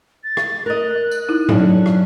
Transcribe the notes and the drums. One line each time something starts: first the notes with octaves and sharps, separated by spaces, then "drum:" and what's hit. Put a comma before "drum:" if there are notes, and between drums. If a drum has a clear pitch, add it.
A6
drum: rim click
A#4 D#5 F#6
drum: tambourine
D#4 E4
F#3 C#4 D4 A4, drum: tom G2
drum: rim click